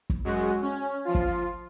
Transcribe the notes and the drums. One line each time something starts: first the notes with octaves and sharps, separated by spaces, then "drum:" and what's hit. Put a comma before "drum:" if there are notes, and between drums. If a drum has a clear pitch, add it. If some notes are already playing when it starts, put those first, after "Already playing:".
drum: kick
F#2 G#3 F#4
C#4
F3 F4
drum: kick